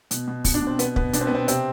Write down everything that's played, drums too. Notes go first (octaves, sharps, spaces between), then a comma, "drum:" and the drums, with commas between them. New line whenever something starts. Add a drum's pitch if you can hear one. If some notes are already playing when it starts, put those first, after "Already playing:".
B2, drum: hi-hat
B2
B2, drum: kick, open hi-hat
D4
B2
C4
B2 B3, drum: hi-hat
B2 B3, drum: kick
B2 D4, drum: hi-hat
C4
B3
B2 C4
C3 C4, drum: hi-hat